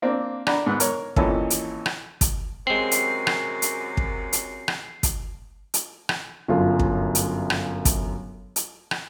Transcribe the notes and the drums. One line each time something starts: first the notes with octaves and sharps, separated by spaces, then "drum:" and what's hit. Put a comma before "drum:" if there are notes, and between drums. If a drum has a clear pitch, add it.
A#3 C4 D4
D4 F#5 A#5 B5, drum: rim click
G#2 B3 F#6
A#4 C#5, drum: hi-hat
G#1 A#2 E3 C#4 A4, drum: kick
drum: hi-hat
drum: rim click
drum: kick, hi-hat
F#2 C3 G#3 C4 C7
drum: hi-hat
drum: rim click
drum: hi-hat
drum: kick
drum: hi-hat
drum: rim click
drum: kick, hi-hat
drum: hi-hat
drum: rim click
G1 F#2 F4
drum: kick
drum: hi-hat
drum: rim click
drum: kick, hi-hat
drum: hi-hat
drum: rim click